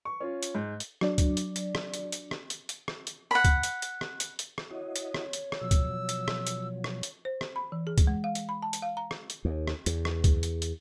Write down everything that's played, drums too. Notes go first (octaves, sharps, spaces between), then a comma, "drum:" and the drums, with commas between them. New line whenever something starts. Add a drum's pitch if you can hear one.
C#6
C#4 F4
drum: hi-hat
G#2
drum: hi-hat
F#3 D4 D5, drum: rim click
drum: kick, hi-hat
drum: hi-hat
drum: hi-hat
drum: rim click
drum: hi-hat
drum: hi-hat
drum: rim click
drum: hi-hat
drum: hi-hat
drum: rim click
drum: hi-hat
F#5 B5
drum: kick, hi-hat
drum: hi-hat
drum: hi-hat
drum: rim click
drum: hi-hat
drum: hi-hat
drum: rim click
E4 F#4 C#5 D#5
drum: hi-hat
drum: rim click
drum: hi-hat
drum: rim click
B2 F3 F#3 E6
drum: kick, hi-hat
drum: hi-hat
drum: rim click
drum: hi-hat
drum: rim click
drum: hi-hat
C5
drum: rim click
B5
E3
G#4
drum: kick, hi-hat
G#3
F5
drum: hi-hat
B5
A5
drum: hi-hat
F5
A#5
drum: rim click
drum: hi-hat
D#2
drum: rim click
E2, drum: hi-hat
drum: rim click
drum: kick, hi-hat
drum: hi-hat
drum: hi-hat